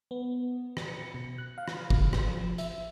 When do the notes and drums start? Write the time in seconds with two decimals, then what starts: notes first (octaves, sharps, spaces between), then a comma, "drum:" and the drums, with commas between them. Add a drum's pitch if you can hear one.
0.11 B3
0.77 drum: rim click
0.88 C#7
1.14 B2
1.38 F#6
1.58 F5
1.68 drum: rim click
1.90 G#1, drum: kick F#1
2.13 drum: rim click
2.28 F3
2.58 E5, drum: hi-hat